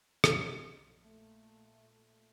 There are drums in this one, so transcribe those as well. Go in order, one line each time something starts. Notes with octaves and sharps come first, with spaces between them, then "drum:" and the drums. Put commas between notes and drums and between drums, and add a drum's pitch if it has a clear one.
A#1 F2, drum: rim click
A#2 A3